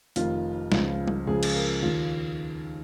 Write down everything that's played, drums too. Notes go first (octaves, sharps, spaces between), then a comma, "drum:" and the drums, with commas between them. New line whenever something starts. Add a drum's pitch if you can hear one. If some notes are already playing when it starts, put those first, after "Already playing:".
F1 F2 D#3 F4, drum: hi-hat
C#2 C#3 F3, drum: snare
drum: tom G3
C#2 C#3 F3 G#4
drum: cymbal
A#4
D#2 D#3 F4